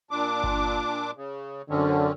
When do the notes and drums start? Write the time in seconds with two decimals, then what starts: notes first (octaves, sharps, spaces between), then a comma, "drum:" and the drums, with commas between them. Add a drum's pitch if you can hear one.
0.11 A#2 D4 D6
0.44 drum: kick G1
1.16 C#3
1.70 F#2 D3 C4 C#4